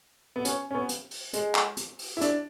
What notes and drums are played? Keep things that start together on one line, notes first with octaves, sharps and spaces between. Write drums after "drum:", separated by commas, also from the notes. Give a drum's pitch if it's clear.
B3
C#4, drum: hi-hat
C#4
B3
drum: hi-hat
drum: open hi-hat
G#3, drum: hi-hat
drum: clap
drum: hi-hat
drum: open hi-hat
E4
D4, drum: hi-hat